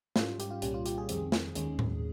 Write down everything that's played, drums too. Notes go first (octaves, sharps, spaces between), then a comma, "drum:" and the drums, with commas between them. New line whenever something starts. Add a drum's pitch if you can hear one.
G#2 G3 C#4 F4, drum: snare
G4, drum: hi-hat
F4
C2 A#2 G3 C#4 G4, drum: hi-hat
F4
G4, drum: hi-hat
G#4
F2 D#3 G3 C4, drum: hi-hat
drum: snare
D#2 D#3 G#3 C#4, drum: hi-hat
drum: tom A2